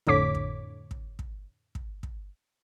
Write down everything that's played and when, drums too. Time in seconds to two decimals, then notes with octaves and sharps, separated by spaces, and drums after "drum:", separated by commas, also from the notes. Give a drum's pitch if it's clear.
0.07 F2 A2 D3 C#5 D6 B6, drum: kick
0.35 drum: kick
0.91 drum: kick
1.19 drum: kick
1.75 drum: kick
2.03 drum: kick